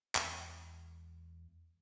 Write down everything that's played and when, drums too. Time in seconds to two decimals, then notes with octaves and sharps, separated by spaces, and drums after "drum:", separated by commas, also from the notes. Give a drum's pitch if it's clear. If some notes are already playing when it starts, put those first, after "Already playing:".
0.15 E2 G#3, drum: clap